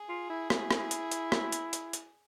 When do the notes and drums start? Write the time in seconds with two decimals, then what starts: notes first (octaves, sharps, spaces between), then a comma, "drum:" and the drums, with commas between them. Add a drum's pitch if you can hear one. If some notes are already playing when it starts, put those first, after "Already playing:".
Already playing: G#4
0.09 F4
0.30 E4
0.50 E4, drum: rim click
0.71 drum: rim click
0.91 drum: hi-hat
1.11 drum: hi-hat
1.32 drum: rim click
1.52 drum: hi-hat
1.73 drum: hi-hat
1.93 drum: hi-hat